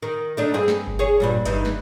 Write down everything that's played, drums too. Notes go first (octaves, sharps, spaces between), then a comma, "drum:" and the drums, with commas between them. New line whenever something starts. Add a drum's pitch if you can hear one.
D#3
A3 D4 D#4
G2 C4 G#4
drum: snare
drum: kick G1
G#4 C#5
G2 A#2 G3
G2 E3 D#4, drum: kick G1, hi-hat
drum: snare